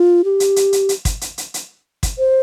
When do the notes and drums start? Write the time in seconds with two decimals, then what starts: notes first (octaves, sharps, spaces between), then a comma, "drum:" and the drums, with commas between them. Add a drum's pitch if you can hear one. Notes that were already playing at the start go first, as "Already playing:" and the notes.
Already playing: F4
0.24 G4
0.40 drum: hi-hat
0.56 drum: hi-hat
0.73 drum: hi-hat
0.89 drum: hi-hat
1.05 drum: kick, hi-hat
1.21 drum: hi-hat
1.38 drum: hi-hat
1.54 drum: hi-hat
2.03 drum: kick, hi-hat
2.18 C5